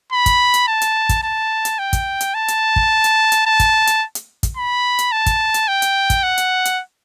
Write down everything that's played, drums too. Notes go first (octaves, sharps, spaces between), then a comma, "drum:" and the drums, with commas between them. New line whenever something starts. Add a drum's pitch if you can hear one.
B5
drum: kick, hi-hat
drum: hi-hat
A5
drum: hi-hat
drum: kick, hi-hat
A5
drum: hi-hat
G5
drum: kick, hi-hat
drum: hi-hat
A5
drum: hi-hat
drum: kick
drum: hi-hat
drum: hi-hat
A5
drum: kick, hi-hat
drum: hi-hat
drum: hi-hat
drum: kick, hi-hat
B5
drum: hi-hat
A5
drum: kick, hi-hat
drum: hi-hat
G5
drum: hi-hat
drum: kick, hi-hat
F#5
drum: hi-hat
drum: hi-hat